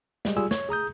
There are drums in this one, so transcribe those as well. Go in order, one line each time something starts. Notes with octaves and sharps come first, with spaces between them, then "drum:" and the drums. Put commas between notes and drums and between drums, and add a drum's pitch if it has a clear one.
G3 G#3, drum: snare
G3 F4 G#4 G#5 E6
C#5, drum: snare
G#4 A#5 D#6 G6